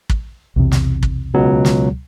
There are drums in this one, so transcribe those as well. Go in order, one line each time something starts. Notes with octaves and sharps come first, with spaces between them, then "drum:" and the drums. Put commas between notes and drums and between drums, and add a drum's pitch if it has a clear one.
drum: kick
B1 E2 C3
drum: snare
drum: kick
C#2 B2 F#3
drum: snare